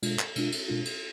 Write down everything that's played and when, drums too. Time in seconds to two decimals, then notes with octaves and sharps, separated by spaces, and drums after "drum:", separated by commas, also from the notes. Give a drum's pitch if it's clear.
0.03 B2 G#3 D4 F4, drum: cymbal
0.19 drum: clap
0.36 B2 G#3 D4 F4, drum: cymbal
0.52 drum: cymbal
0.68 B2 G#3 D4 F4
0.85 drum: cymbal